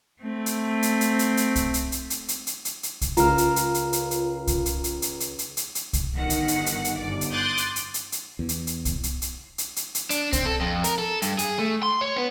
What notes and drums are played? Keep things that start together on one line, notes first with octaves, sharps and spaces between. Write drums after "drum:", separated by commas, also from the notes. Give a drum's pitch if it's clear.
A3 C4
drum: hi-hat
drum: hi-hat
drum: hi-hat
drum: hi-hat
drum: hi-hat
drum: kick C2, hi-hat
drum: hi-hat
drum: hi-hat
drum: hi-hat
drum: hi-hat
drum: hi-hat
drum: hi-hat
drum: hi-hat
drum: kick C2, hi-hat
C#2 F4 A#4 A#5 F6, drum: hi-hat
drum: hi-hat
drum: hi-hat
drum: hi-hat
drum: hi-hat
drum: hi-hat
drum: kick C2, hi-hat
drum: hi-hat
drum: hi-hat
drum: hi-hat
drum: hi-hat
drum: hi-hat
drum: hi-hat
drum: hi-hat
drum: kick C2, hi-hat
G1 D#3 F#5
drum: hi-hat
drum: hi-hat
drum: hi-hat
drum: hi-hat
G1 D5
drum: hi-hat
C6 D6 D#6 F#6 G6 A6
drum: hi-hat
drum: hi-hat
drum: hi-hat
drum: hi-hat
E2
drum: hi-hat
drum: hi-hat
drum: kick C2, hi-hat
drum: hi-hat
drum: hi-hat
drum: hi-hat
drum: hi-hat
drum: hi-hat
D4, drum: hi-hat
C4, drum: kick C2, hi-hat
A4
F2
A#4, drum: hi-hat
A4
G2, drum: hi-hat
G#4, drum: hi-hat
A3
C6
C#5
B3